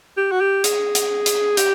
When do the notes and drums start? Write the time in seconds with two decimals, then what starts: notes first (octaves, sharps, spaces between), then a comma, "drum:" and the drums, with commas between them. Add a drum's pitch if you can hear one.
0.17 G4
0.32 F#4
0.41 G4
0.64 G#4, drum: hi-hat
0.95 drum: hi-hat
1.26 drum: hi-hat
1.57 G4, drum: hi-hat